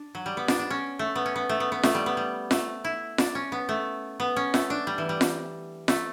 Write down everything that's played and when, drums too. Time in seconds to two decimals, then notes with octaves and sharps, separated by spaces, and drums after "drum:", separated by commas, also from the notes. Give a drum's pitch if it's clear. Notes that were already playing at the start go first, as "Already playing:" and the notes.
Already playing: D4
0.15 F#3
0.26 G3
0.37 B3
0.48 D4, drum: snare F4
0.59 D4
0.70 C#4
0.99 A3
1.15 B3
1.26 C#4
1.36 B3
1.49 A3
1.60 B3
1.72 B3
1.83 A3, drum: snare F4
1.95 G3
2.06 B3
2.17 G3
2.51 A3, drum: snare F4
2.84 E4
3.18 D4, drum: snare F4
3.35 C#4
3.52 B3
3.69 A3
4.20 B3
4.36 C#4
4.54 A3, drum: snare F4
4.70 D4
4.87 G3
4.98 E3
5.09 G3
5.21 drum: snare F4
5.88 A3, drum: snare F4